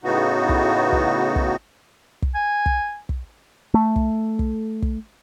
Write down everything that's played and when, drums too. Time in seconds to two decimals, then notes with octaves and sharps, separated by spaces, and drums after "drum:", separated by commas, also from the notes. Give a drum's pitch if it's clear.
0.04 A2 C#3 B3 D#4 F#4
0.49 drum: kick
0.92 drum: kick
1.36 drum: kick
2.22 drum: kick
2.35 G#5
2.66 drum: kick
3.09 drum: kick
3.74 A3
3.96 drum: kick
4.39 drum: kick
4.82 drum: kick